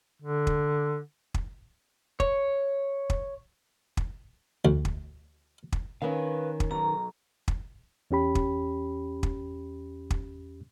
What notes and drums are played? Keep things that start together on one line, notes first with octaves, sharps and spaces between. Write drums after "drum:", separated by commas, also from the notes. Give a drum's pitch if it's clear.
D3
drum: kick
drum: kick
C#5, drum: kick
drum: kick
drum: kick
D2
drum: kick
drum: kick
D#3 C#4 B4 F5
drum: kick
B2 F#3 A#5
drum: kick
E2 C#4 G4 B5
drum: kick
drum: kick
drum: kick